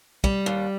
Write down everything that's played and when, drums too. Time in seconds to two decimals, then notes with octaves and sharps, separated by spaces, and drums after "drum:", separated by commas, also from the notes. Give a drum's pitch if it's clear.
0.24 G3, drum: kick
0.46 D#2